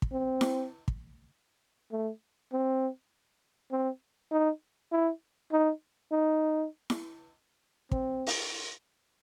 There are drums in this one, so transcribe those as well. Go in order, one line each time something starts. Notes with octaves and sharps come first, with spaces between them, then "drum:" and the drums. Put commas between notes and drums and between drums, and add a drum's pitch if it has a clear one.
drum: kick
C4
drum: snare E4
drum: kick
A3
C4
C4
D#4
E4
D#4
D#4
drum: snare E4
C4, drum: kick
drum: open hi-hat